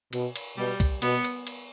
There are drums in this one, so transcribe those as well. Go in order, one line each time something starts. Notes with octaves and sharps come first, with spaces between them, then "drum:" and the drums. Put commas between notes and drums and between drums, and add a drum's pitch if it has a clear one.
B2, drum: cymbal
drum: cymbal
B2 G3
drum: kick, cymbal
B2 B3, drum: cymbal
drum: cymbal
drum: cymbal